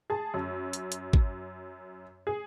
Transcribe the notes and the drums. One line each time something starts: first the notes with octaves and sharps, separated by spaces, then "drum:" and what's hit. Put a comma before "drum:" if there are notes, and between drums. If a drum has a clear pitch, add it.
G#4 A5
F#2
drum: hi-hat
drum: hi-hat
drum: kick G#1
G#4